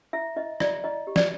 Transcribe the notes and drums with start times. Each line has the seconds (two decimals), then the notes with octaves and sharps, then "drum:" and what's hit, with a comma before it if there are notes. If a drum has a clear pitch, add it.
0.13 E4 E5
0.36 E4 D#5
0.60 E4 D5, drum: rim click
0.84 E4 D#5
1.07 G4
1.16 D5, drum: snare